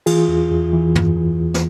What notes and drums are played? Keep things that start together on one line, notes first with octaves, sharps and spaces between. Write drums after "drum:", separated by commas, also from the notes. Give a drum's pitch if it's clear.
E3 F4 G#4, drum: cymbal
E2
E2
E3
E2, drum: tom
E3
E2
drum: snare